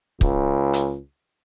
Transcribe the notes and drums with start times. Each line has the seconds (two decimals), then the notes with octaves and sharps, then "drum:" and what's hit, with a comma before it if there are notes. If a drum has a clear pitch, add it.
0.21 C#2, drum: kick
0.73 drum: hi-hat